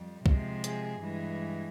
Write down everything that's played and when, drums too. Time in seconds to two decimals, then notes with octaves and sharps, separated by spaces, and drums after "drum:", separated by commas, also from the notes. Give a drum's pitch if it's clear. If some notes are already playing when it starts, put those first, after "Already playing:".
Already playing: F2 G3
0.26 C3 F3 G#3, drum: kick
0.64 G#4, drum: hi-hat
1.03 G2 E3 G#3